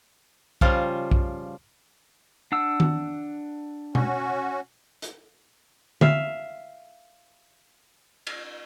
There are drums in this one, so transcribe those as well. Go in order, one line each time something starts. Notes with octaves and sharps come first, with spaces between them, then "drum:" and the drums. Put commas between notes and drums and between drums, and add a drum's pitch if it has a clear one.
C#3 F3 G3 F4, drum: kick B1
drum: kick B1
D4 F#5 E6
drum: tom D#3
C#4 F#4, drum: tom B2
drum: hi-hat
E5 F5, drum: tom D3
drum: cymbal